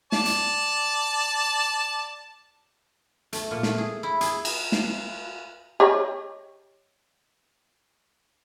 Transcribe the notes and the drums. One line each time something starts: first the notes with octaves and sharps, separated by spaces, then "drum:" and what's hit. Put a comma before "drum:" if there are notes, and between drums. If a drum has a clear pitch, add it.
D5 A5, drum: snare
drum: hi-hat
A3, drum: hi-hat
A#2
A3, drum: snare
G#4
E4
G#4, drum: hi-hat
drum: cymbal
drum: snare
G4 C#5 D#5